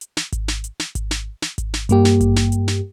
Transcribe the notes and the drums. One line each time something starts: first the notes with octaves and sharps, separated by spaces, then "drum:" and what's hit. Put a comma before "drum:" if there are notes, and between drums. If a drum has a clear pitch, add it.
drum: hi-hat
drum: snare
drum: kick G#1, hi-hat
drum: snare
drum: hi-hat
drum: snare
drum: kick G#1, hi-hat
drum: snare
drum: snare
drum: kick G#1, hi-hat
drum: snare
G2 A#3 G4, drum: hi-hat
drum: snare
drum: kick G#1, hi-hat
drum: snare
drum: hi-hat
drum: snare